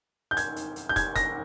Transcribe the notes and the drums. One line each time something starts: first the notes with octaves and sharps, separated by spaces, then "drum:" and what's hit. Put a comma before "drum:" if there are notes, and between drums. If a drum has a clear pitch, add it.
G6
G#6, drum: hi-hat
drum: hi-hat
drum: hi-hat
G6
G#6, drum: kick, hi-hat
A#6, drum: kick, hi-hat